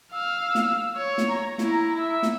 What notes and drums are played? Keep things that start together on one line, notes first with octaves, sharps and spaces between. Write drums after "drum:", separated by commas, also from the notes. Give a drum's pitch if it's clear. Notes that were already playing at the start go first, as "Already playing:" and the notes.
F5 E6
drum: snare
C#5
drum: snare
A#5
E4, drum: snare
E5
drum: snare